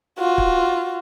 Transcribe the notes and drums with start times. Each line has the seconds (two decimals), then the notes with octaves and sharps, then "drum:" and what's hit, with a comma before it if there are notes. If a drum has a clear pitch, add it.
0.19 F4 F#4
0.38 drum: kick